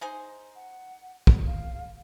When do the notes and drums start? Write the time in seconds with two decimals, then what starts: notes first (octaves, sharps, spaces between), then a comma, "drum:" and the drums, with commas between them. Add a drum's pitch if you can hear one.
0.01 D#4 G#4 C5
0.55 F#5
1.27 drum: kick
1.46 F5